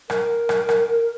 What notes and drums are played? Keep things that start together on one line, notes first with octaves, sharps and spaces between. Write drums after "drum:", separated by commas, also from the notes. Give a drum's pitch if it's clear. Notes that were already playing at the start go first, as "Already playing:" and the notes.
A#4, drum: rim click
drum: rim click
drum: rim click